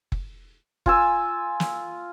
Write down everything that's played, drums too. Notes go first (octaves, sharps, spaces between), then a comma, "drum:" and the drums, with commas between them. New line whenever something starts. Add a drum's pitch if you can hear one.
drum: kick F#1
F4 G#5 E6, drum: kick F#1
drum: snare